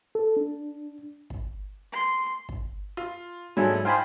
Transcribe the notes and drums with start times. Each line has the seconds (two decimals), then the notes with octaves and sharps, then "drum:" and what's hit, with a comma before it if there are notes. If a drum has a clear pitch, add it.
0.15 A4
0.37 D4
1.30 drum: kick
1.92 C6, drum: hi-hat
2.49 drum: kick
2.97 F4
3.57 G#2 F#3 D4 E4 G#4 A4 G#5
3.85 D#4 F4 C5 F5 G5 G#5 B5